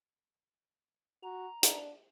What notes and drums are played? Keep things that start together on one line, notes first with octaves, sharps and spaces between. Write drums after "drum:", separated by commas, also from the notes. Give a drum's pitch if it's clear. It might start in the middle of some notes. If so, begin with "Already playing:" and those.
F#4 A#5
D4, drum: hi-hat